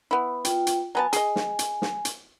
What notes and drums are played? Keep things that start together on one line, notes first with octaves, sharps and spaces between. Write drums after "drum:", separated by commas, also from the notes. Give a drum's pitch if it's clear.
B3 E4
F4 G5, drum: hi-hat
drum: hi-hat
F#3 B3 G#5 A5
G#4 D#5, drum: hi-hat
drum: snare
drum: hi-hat
drum: snare
drum: hi-hat